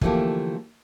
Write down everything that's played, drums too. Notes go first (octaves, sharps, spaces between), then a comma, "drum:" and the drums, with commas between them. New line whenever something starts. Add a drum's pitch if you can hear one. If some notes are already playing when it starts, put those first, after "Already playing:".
D3 E3 F3 A3 A#3 G4, drum: kick